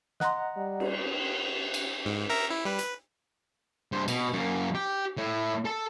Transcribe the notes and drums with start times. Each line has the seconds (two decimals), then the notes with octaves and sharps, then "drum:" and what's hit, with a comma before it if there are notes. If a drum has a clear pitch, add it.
0.20 D#5 F#5 A#5 C6 F#6, drum: snare
0.56 G3
0.80 drum: cymbal
1.74 drum: cymbal
2.05 G#2
2.30 A#4 E5 A#5
2.50 E4
2.65 G3 B4
2.79 B4, drum: hi-hat
3.92 G2 C5
4.08 B2, drum: cymbal
4.33 F#2 A#3
4.75 G4
5.17 A2
5.65 A4 A5